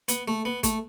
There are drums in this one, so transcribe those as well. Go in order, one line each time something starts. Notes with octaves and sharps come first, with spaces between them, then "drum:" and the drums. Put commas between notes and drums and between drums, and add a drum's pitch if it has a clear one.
B3, drum: hi-hat
A3
B3
A3, drum: kick, hi-hat